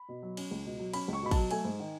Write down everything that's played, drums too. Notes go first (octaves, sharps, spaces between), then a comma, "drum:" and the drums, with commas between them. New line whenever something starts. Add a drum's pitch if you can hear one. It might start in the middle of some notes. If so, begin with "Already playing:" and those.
Already playing: B5
B2
F#3
C#4, drum: cymbal
C#2
B2
F#3
C#4 B5, drum: cymbal
C#2 C#6
B2 B5
A5, drum: kick, cymbal
F#3
A3 G#5, drum: cymbal
G#2
D#3